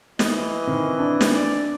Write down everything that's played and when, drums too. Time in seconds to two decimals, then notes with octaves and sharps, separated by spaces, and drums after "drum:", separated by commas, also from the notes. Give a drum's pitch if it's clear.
0.19 E3 D#5, drum: snare
0.68 D#3 C4
0.99 D4
1.21 drum: snare
1.33 D5